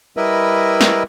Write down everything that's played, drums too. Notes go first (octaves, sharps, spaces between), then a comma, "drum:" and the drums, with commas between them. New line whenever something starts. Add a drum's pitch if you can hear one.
G3 E4 A#4 B4 D#5 E5
drum: snare